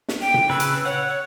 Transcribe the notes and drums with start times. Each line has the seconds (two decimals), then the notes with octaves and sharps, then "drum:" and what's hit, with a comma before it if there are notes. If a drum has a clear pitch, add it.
0.08 drum: snare
0.21 G5
0.34 drum: tom A#2
0.49 C#3 B4 E6
0.60 drum: hi-hat
0.85 C#5 F#5
1.08 C#5